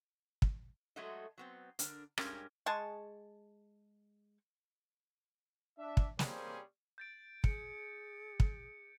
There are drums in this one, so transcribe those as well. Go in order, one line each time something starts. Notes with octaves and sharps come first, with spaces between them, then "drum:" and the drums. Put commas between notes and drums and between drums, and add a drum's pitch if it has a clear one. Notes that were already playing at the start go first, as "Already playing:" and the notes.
drum: kick
F#3 G#3 A3 F#4 A4 D#5
F#3 B3 C4
D3 D4 A#4, drum: hi-hat
G2 G#3 C#4 G4 A#4, drum: rim click
G#3 G#4 A5 C#6
D4 E5
drum: kick
C3 G3 A#3 C#4 G#4 C5, drum: snare
G6 A6 D7
G#4 C#7, drum: kick
drum: kick